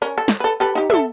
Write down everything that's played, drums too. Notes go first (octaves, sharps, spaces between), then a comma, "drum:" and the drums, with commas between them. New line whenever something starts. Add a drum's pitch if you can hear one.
C#4 A#4
A4
drum: snare
A4 B4
G4 A4 B4
D#4 G4
A4 E5, drum: tom